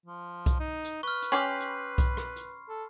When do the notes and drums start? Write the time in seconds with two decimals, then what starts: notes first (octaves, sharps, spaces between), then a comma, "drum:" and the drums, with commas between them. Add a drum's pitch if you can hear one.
0.06 F3
0.46 drum: kick B1, hi-hat
0.60 D#4
0.84 drum: hi-hat
1.03 B4 C#6 F6
1.22 drum: hi-hat
1.32 C#4 G4 B5 C6 C7
1.60 drum: hi-hat
1.98 drum: kick B1, hi-hat
2.17 drum: rim click
2.36 drum: hi-hat
2.69 A4